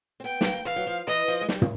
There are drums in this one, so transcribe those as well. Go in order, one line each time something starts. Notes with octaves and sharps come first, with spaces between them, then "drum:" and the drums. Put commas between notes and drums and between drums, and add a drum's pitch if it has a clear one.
C4
B3 G5
A3, drum: snare
A#3
E3 F5
F#3
F3
E3 D#5
F3
G#3
G3, drum: snare
drum: tom